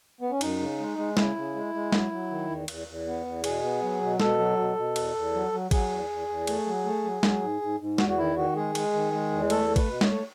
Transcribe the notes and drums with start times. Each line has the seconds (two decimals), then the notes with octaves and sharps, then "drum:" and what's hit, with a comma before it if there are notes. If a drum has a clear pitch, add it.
0.21 B3
0.30 C#4
0.41 F#2 D#4, drum: cymbal
0.59 C#3
0.79 G#3
0.98 G#3
1.17 C#3 E4, drum: snare
1.36 C#3
1.55 G#3
1.74 G#3
1.92 F#3, drum: snare
2.11 F#3
2.31 D#3
2.50 E2
2.68 E2, drum: cymbal
2.88 E2
3.06 B3
3.26 E2
3.44 B2 G#4, drum: cymbal
3.63 B3
3.82 F#3
4.01 B2
4.20 B2 A4, drum: snare
4.39 F#3
4.58 B2
4.77 B2
4.96 E2, drum: cymbal
5.15 E2
5.34 F#3
5.52 F#3
5.71 F#3 G#4, drum: kick A1, cymbal
5.90 E2
6.10 E2
6.28 E2
6.47 A3, drum: cymbal
6.66 F#3
6.85 A3
7.04 F#3
7.23 F#3, drum: snare
7.42 G#2
7.61 G#2
7.80 G#2
7.98 E2 F#4, drum: snare
8.09 F#4
8.18 D#3 E4
8.37 D#3 F#4
8.56 G#3 G#4
8.75 G#3, drum: cymbal
8.93 D#3
9.13 G#3
9.32 E2
9.50 A3 A4, drum: cymbal
9.69 A3
9.76 B4, drum: kick A1, cymbal
9.88 B2
10.01 C#5, drum: snare
10.07 A3